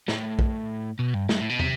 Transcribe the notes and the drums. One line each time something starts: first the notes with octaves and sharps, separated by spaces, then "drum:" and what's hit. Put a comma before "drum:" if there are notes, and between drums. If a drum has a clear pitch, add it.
A2, drum: snare
drum: kick
B2
G2
G2, drum: snare
A2
B2
C3, drum: tom